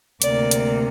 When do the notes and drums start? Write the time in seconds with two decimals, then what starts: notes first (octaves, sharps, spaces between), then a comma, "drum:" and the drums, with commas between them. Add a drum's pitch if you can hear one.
0.22 D2 C3 A#3 D5, drum: hi-hat
0.51 drum: hi-hat